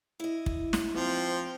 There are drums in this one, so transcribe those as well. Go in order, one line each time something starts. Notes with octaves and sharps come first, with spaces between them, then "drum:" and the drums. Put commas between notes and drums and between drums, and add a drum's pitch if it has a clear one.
E4 D#5
drum: kick
drum: snare
F3 C4